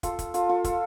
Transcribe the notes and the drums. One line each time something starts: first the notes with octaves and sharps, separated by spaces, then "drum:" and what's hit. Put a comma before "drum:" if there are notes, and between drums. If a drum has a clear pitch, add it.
F4 A4, drum: kick, hi-hat
drum: kick, hi-hat
F4 A4, drum: hi-hat
F4 A4
F4 A4, drum: kick, hi-hat